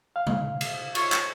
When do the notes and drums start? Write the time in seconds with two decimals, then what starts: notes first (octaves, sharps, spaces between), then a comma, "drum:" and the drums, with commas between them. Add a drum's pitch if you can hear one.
0.16 F5
0.27 drum: tom C3
0.61 drum: cymbal
0.95 F4 C#5 C#6, drum: cymbal
1.12 drum: clap